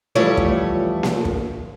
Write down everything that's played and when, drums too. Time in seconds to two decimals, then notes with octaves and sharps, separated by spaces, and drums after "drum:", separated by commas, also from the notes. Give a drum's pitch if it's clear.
0.15 E3 F3 G3 A3 E4 C#5
0.37 drum: kick
1.03 drum: snare A#3
1.25 drum: kick